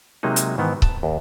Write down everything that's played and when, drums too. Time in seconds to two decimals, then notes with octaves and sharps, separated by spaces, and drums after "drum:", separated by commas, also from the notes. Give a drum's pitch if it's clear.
0.23 C3 F#3 G#3 A#3 D#4
0.36 drum: hi-hat
0.58 G#2 D#3 E3 B3
0.82 A5, drum: kick C#1
1.03 D#2